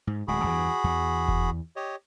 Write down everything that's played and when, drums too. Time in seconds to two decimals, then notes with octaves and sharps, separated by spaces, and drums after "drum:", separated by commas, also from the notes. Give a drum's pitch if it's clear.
0.07 G#2
0.28 D1 G#3 F#4 G#4 B5
0.44 E2 G2 E3
0.84 E2
1.28 drum: kick F1
1.76 G4 C#5 D#5